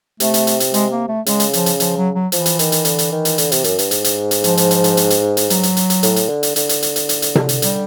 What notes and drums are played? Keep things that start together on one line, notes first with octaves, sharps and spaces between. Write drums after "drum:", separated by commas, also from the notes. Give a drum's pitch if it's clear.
C3 A3, drum: hi-hat
drum: hi-hat
drum: hi-hat
drum: hi-hat
G#3, drum: hi-hat
A#3
A3
C#3 G#3, drum: hi-hat
drum: hi-hat
F3, drum: hi-hat
drum: hi-hat
F3, drum: hi-hat
F#3
F#3
E3 F3, drum: hi-hat
drum: hi-hat
D#3, drum: hi-hat
drum: hi-hat
D3, drum: hi-hat
drum: hi-hat
D#3
drum: hi-hat
D3, drum: hi-hat
C3, drum: hi-hat
F#2, drum: hi-hat
G2, drum: hi-hat
G#2, drum: hi-hat
drum: hi-hat
drum: hi-hat
F3, drum: hi-hat
drum: hi-hat
drum: hi-hat
drum: hi-hat
drum: hi-hat
drum: hi-hat
drum: hi-hat
F#3, drum: hi-hat
drum: hi-hat
drum: hi-hat
drum: hi-hat
A2, drum: hi-hat
drum: hi-hat
D3
drum: hi-hat
D3, drum: hi-hat
drum: hi-hat
drum: hi-hat
drum: hi-hat
drum: hi-hat
drum: hi-hat
drum: tom C3
drum: hi-hat
G3, drum: hi-hat